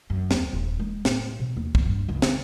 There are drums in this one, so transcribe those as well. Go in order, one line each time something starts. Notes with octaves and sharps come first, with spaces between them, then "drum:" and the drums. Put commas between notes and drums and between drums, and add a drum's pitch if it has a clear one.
F#2
D#2, drum: snare
D#1
G#3
A2, drum: snare
B2
D#2
drum: kick
G2
C#2
D#3, drum: snare